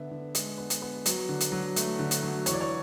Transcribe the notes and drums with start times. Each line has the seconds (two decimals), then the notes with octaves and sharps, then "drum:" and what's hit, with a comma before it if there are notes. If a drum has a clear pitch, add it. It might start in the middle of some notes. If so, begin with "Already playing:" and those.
Already playing: D3 B3 E5
0.11 D3
0.35 G#3, drum: hi-hat
0.58 B3
0.70 drum: hi-hat
0.82 B3
1.06 F#3, drum: hi-hat
1.29 D3
1.40 drum: hi-hat
1.52 F#3
1.76 A3, drum: hi-hat
1.99 D3
2.11 drum: hi-hat
2.22 F#3
2.46 E3 C#5, drum: hi-hat
2.53 D5
2.61 C#5